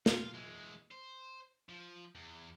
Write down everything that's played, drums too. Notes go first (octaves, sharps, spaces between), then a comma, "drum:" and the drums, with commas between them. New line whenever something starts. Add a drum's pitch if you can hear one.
F4, drum: snare
E3 G#3
C5
F3
E2